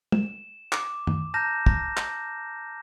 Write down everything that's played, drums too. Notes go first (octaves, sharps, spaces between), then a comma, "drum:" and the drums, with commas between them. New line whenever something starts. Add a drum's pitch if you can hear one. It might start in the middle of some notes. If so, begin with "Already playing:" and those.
E7, drum: tom
D6, drum: clap
drum: tom
A5 A#5 F6 G6 A#6 E7
A#6, drum: kick
drum: clap